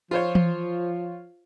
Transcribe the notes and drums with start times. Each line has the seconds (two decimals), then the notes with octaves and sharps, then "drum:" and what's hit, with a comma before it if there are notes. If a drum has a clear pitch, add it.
0.11 F3 F4 C5 C#5
0.35 drum: tom E3